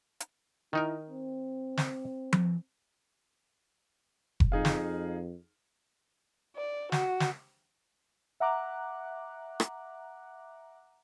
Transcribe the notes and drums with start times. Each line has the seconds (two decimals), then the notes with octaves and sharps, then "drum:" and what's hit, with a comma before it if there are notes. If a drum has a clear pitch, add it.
0.20 drum: hi-hat
0.73 D#3 D#4 E4 A#4
1.10 C4
1.77 drum: snare
2.33 drum: tom F3
4.40 drum: kick F1
4.52 F2 D#4 G#4 F5
4.65 drum: snare
6.56 D5
6.92 F#4, drum: snare
7.20 drum: snare
8.40 E5 F#5 A#5 D6 F#6
9.60 drum: rim click